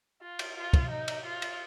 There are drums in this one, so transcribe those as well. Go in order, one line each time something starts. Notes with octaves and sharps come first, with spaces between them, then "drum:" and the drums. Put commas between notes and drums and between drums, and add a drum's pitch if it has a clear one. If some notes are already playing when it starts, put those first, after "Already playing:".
F4
drum: cymbal
F4
drum: kick, cymbal
D#4
drum: cymbal
F4
drum: cymbal